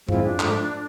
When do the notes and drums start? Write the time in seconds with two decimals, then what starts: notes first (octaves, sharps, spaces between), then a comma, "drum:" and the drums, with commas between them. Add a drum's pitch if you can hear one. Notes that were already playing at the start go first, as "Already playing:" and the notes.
0.09 G#2 F3 G#3 C4 E4 F4, drum: tom F#2
0.24 D4
0.40 G#2 F3 A3, drum: clap